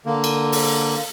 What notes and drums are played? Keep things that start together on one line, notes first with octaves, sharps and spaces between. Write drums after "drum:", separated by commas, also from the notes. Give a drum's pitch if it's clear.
D3 A#3
drum: cymbal
drum: open hi-hat